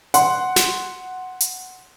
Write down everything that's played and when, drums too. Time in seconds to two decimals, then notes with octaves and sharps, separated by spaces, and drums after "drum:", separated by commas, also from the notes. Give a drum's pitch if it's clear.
0.14 F#5 C6, drum: hi-hat
0.56 drum: snare
1.40 drum: hi-hat